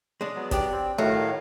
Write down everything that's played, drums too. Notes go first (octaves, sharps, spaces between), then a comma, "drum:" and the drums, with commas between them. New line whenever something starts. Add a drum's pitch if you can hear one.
G#3 D4
F#3 B3
D4 G4 D5, drum: kick, hi-hat
C4
A2 D#3 F#3 A3 F5